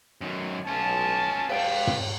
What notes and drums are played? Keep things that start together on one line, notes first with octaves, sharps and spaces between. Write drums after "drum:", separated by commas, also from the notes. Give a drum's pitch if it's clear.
F#2 D#3
B1 C#4 F4 A5
B4 F5 G5, drum: cymbal
drum: tom